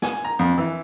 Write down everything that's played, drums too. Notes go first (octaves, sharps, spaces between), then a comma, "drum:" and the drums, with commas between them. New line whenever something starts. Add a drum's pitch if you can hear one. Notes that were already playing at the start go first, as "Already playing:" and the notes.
G#5, drum: snare
A#5
F2
E3